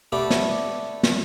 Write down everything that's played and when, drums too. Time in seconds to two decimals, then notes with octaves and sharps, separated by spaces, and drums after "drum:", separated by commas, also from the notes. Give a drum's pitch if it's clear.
0.12 A3 B3 D4 G4
0.30 drum: snare
1.03 drum: snare